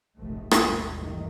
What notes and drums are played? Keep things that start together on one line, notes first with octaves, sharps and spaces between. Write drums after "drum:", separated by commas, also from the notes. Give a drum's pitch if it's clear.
F1 A#1 G#2 D#3 A3
G#1 D#2 G#2 B2 G3 A3, drum: rim click
G2 D#3 E3 A3